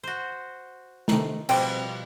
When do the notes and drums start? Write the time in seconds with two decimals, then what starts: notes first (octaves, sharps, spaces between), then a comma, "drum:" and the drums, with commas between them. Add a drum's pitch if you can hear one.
0.03 F#4 C5
1.08 C3 D#3 A3 D4 D#5 A#5, drum: snare
1.49 B2 F3 G3 C4 G#4 D5 G5, drum: cymbal